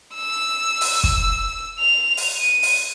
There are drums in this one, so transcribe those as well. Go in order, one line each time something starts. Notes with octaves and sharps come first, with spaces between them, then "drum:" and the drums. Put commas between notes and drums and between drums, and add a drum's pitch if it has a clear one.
E6
drum: open hi-hat
drum: kick
F7
drum: open hi-hat
D#7
drum: open hi-hat